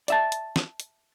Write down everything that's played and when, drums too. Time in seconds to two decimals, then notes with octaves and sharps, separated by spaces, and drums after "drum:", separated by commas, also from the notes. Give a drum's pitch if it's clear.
0.08 D5 E5 A5, drum: hi-hat
0.32 drum: hi-hat
0.56 drum: snare
0.80 drum: hi-hat